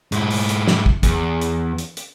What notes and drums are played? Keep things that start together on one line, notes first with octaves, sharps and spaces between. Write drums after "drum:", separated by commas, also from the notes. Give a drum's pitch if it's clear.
G#2 E4, drum: hi-hat
drum: open hi-hat
drum: hi-hat
drum: snare
drum: kick
E2, drum: kick, hi-hat
drum: hi-hat
drum: hi-hat
drum: hi-hat